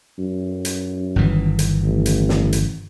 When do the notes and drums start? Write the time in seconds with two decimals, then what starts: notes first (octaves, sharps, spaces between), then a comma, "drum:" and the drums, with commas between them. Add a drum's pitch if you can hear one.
0.18 F#2
0.65 drum: hi-hat
1.16 G1 D#3 E3
1.59 drum: hi-hat
1.82 A1
2.06 drum: hi-hat
2.29 drum: snare
2.53 drum: hi-hat